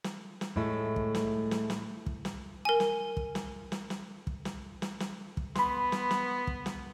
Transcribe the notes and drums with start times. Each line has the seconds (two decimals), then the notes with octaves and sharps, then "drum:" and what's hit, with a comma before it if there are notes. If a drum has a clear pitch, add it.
0.04 drum: snare
0.41 drum: snare
0.56 A2 G#3 A3
0.96 drum: kick
1.15 drum: snare
1.51 drum: snare
1.70 drum: snare
2.06 drum: kick
2.25 drum: snare
2.65 A#4 G#5
2.80 drum: snare
3.17 drum: kick
3.35 drum: snare
3.72 drum: snare
3.90 drum: snare
4.27 drum: kick
4.45 drum: snare
4.82 drum: snare
5.00 drum: snare
5.37 drum: kick
5.55 B3 B5 C6, drum: snare
5.92 drum: snare
6.11 drum: snare
6.47 drum: kick
6.66 drum: snare